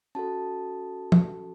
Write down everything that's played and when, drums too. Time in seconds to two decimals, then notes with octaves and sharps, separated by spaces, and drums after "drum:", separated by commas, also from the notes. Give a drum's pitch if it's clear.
0.15 C#4 F#4 A4 A5
1.12 drum: tom F3